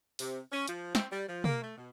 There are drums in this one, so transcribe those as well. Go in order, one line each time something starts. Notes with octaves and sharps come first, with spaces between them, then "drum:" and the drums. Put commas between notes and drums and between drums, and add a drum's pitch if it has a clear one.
C3, drum: open hi-hat
C#4
F3, drum: hi-hat
C4, drum: snare
G3
F3
A#3, drum: tom
A3
B2